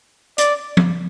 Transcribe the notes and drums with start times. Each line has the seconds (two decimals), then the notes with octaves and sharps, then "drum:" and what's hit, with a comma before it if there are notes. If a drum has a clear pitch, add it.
0.38 D5, drum: hi-hat
0.77 drum: tom F3